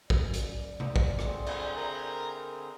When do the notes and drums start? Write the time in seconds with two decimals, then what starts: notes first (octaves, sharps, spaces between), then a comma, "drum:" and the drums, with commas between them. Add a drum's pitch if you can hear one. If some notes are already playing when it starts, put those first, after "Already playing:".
0.10 F#2 D5, drum: kick
0.34 drum: hi-hat
0.80 drum: tom C3
0.96 drum: kick
1.19 D3 C4 G#4, drum: rim click
1.46 drum: cymbal
1.77 A#4